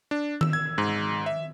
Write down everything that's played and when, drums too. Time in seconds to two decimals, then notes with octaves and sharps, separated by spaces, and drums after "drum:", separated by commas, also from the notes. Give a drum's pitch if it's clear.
0.11 D4
0.41 E6, drum: tom D#3
0.53 G#6
0.78 G#2
1.26 E5